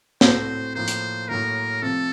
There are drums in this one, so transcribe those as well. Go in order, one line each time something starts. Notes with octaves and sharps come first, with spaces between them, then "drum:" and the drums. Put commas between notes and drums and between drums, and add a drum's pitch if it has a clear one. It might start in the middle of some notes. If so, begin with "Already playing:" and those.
A2 A3 C4 F#4 A4 C5, drum: snare
A2 F3 A#3 C5
drum: hi-hat
A2 F#3 A#3 A#4
C3 F3 A3 C4 A4